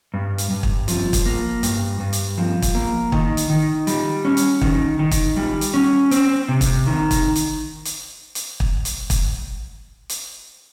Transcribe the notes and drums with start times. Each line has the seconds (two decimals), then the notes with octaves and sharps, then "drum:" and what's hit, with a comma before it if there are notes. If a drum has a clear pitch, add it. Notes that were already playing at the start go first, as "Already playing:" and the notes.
0.14 G2
0.38 drum: hi-hat
0.51 G2
0.63 drum: kick
0.88 F3, drum: hi-hat
1.13 drum: kick, hi-hat
1.26 A#3
1.63 G2, drum: hi-hat
2.00 G2
2.13 drum: hi-hat
2.38 F3
2.62 drum: kick, hi-hat
2.75 A#3
3.12 D#3, drum: kick
3.37 drum: hi-hat
3.50 D#3
3.87 G3, drum: hi-hat
4.25 C#4
4.37 drum: hi-hat
4.61 D#3, drum: kick
4.99 D#3
5.11 drum: kick, hi-hat
5.36 G3
5.61 drum: hi-hat
5.74 C#4
6.11 C4, drum: hi-hat
6.49 C3
6.61 drum: kick, hi-hat
6.86 D#3
7.11 drum: kick, hi-hat
7.36 drum: hi-hat
7.85 drum: hi-hat
8.35 drum: hi-hat
8.60 drum: kick
8.85 drum: hi-hat
9.10 drum: kick, hi-hat
10.09 drum: hi-hat